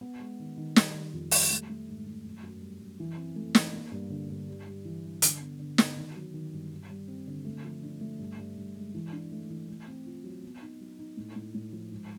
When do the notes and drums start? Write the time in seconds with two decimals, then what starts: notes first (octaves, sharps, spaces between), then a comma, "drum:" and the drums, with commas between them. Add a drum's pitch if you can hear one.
0.01 B3
0.20 G#3
0.39 D#3
0.57 D#3
0.76 G3, drum: snare
0.94 D#3
1.13 F2
1.31 G3, drum: open hi-hat
1.50 A3
1.69 A3
1.88 G#2
2.06 A3
2.25 F#2
2.43 F#2
2.61 G3
2.81 F#2
3.00 E3
3.18 C4
3.36 A3
3.55 E3, drum: snare
3.73 A#3
3.92 G2
4.10 D3
4.30 G2
4.48 G3
4.67 G3
4.85 E3
5.04 G3
5.22 D3, drum: hi-hat
5.41 B3
5.59 D3
5.78 B3, drum: snare
5.97 D#3
6.16 F#3
6.34 D#3
6.53 G2
6.72 G2
6.89 G3
7.08 C4
7.27 D3
7.45 A3
7.64 F3
7.83 D4
8.01 A3
8.19 G2
8.38 G2
8.57 G2
8.75 G#3
8.94 E3
9.12 D4
9.32 A3
9.50 E3
9.68 A3
9.88 C4
10.06 F4
10.24 F#3
10.43 B3
10.62 D#4
10.80 F#3
10.99 D#4
11.17 A2
11.36 A2
11.54 A2
11.73 F3
11.92 G#2